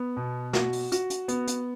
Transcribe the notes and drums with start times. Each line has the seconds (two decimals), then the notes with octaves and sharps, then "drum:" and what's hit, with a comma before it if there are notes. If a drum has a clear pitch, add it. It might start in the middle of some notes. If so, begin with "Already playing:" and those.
Already playing: B3
0.17 B2
0.53 F#4, drum: snare
0.73 drum: open hi-hat
0.92 F#4, drum: hi-hat
1.10 drum: hi-hat
1.28 B3, drum: hi-hat
1.47 drum: hi-hat